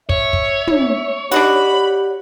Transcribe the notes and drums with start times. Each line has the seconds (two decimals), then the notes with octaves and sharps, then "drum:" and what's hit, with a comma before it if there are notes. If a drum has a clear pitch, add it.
0.09 C#5 E5, drum: kick
0.33 drum: kick
0.67 drum: tom
1.31 D4 D#4 F#4 G4 B5, drum: hi-hat